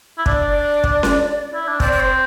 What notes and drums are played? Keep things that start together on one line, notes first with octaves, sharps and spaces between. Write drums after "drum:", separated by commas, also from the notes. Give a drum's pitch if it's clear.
E4
D4 D5, drum: kick
drum: kick
drum: snare C#4
E4
D4
C4 D5, drum: kick
D5
C5